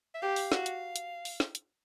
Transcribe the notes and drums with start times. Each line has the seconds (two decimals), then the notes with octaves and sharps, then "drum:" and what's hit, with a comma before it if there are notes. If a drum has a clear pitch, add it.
0.14 E5
0.22 G4 F5
0.36 drum: open hi-hat
0.52 F#4, drum: snare
0.66 drum: hi-hat
0.96 drum: hi-hat
1.25 drum: open hi-hat
1.40 drum: snare
1.55 drum: hi-hat